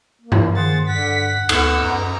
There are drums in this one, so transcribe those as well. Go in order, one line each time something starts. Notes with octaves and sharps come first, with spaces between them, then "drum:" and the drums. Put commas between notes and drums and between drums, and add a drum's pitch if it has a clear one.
A#3
drum: tom G2
D#3 G#4 C5 F#5 A6
G2 D3 F#5 B6
D2 B3 C#6 E6, drum: cymbal
F#2 A#5